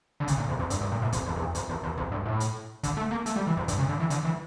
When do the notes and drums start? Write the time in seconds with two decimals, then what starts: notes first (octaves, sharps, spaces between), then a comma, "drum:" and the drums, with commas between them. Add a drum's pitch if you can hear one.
0.20 D3
0.28 C#3, drum: kick, hi-hat
0.38 A#2
0.49 F2
0.60 F2
0.70 G2, drum: hi-hat
0.81 G2
0.92 A#2
1.02 A2
1.12 F2, drum: kick, hi-hat
1.26 E2
1.36 F2
1.40 E2
1.55 F2, drum: hi-hat
1.69 E2
1.83 E2
1.97 F2, drum: kick
2.12 G2
2.25 A2
2.40 drum: hi-hat
2.83 D3, drum: kick, hi-hat
2.97 A3
3.11 A#3
3.26 A3, drum: hi-hat
3.36 G3
3.47 E3
3.57 F2
3.68 G2, drum: kick, hi-hat
3.78 C#3
3.89 D3
4.00 E3
4.10 D3, drum: hi-hat
4.25 E3